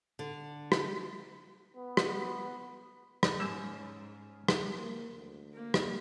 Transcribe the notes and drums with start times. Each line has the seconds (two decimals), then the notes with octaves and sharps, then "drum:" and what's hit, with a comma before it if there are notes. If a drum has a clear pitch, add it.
0.19 D3
0.72 drum: rim click
1.76 B3
1.97 drum: rim click
3.23 drum: rim click
3.40 G#2 G3 A#3 C#4 E6
4.48 drum: rim click
4.78 A#3
5.15 D2
5.53 A#3
5.74 drum: rim click